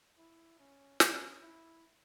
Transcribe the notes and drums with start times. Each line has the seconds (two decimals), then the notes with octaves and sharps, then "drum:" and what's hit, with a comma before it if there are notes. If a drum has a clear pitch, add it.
0.18 E4
0.60 C#4
1.00 C#4, drum: snare
1.42 E4